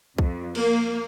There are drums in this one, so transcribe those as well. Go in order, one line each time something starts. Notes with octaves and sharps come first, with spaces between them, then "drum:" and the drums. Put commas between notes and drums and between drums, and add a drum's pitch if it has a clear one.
F2, drum: kick
A#3, drum: cymbal